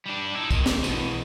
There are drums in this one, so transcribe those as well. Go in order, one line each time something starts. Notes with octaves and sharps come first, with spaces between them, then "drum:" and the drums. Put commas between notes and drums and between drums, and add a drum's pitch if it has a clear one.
G3 D4
D#4 E4
A#2 D#3, drum: kick, tambourine
drum: snare
E2 B2, drum: tambourine